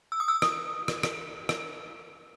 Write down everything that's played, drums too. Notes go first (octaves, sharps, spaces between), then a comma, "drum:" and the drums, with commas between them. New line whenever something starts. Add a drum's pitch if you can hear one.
E6
D#6
E6
D#6, drum: rim click
drum: rim click
drum: rim click
drum: rim click